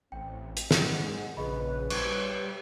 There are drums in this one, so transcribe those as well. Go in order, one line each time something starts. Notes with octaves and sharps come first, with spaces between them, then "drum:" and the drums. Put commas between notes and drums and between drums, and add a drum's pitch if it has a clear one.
A1 C4 G5
drum: hi-hat
E2 G#2 G#4 D#5 F#5, drum: snare
A#1 C#3 G#4 B4 D#5 B5
G3 G4 C5 C#5 C#6 G#6, drum: cymbal